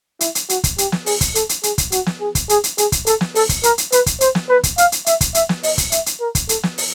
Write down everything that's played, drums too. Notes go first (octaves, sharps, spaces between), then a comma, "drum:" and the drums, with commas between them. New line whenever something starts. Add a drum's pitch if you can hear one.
E4, drum: hi-hat
drum: hi-hat
F#4, drum: hi-hat
drum: kick, hi-hat
G4, drum: hi-hat
drum: snare
G#4, drum: open hi-hat
drum: kick, hi-hat
A4, drum: hi-hat
drum: hi-hat
G#4, drum: hi-hat
drum: kick, hi-hat
F#4, drum: hi-hat
drum: snare
G#4
drum: kick, hi-hat
G#4, drum: hi-hat
drum: hi-hat
G#4, drum: hi-hat
drum: kick, hi-hat
A4, drum: hi-hat
drum: snare
A4, drum: open hi-hat
drum: kick, hi-hat
A#4, drum: hi-hat
drum: hi-hat
B4, drum: hi-hat
drum: kick, hi-hat
C5, drum: hi-hat
drum: snare
B4
drum: kick, hi-hat
F5, drum: hi-hat
drum: hi-hat
E5, drum: hi-hat
drum: kick, hi-hat
E5, drum: hi-hat
drum: snare
D#5, drum: open hi-hat
drum: kick, hi-hat
E5, drum: hi-hat
drum: hi-hat
A#4
drum: kick, hi-hat
A4, drum: hi-hat
drum: snare
drum: open hi-hat